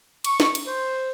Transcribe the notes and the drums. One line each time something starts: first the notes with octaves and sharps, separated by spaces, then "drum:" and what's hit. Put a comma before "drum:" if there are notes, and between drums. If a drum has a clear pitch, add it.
C#6, drum: cymbal
drum: snare
drum: cymbal
C5